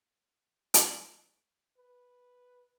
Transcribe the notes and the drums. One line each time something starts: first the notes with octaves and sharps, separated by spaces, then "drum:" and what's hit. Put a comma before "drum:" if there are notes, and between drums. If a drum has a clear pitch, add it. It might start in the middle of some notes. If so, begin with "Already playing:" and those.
drum: hi-hat
B4